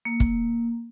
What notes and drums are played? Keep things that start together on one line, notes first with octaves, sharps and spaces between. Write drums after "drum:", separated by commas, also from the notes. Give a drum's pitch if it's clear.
A#3
drum: kick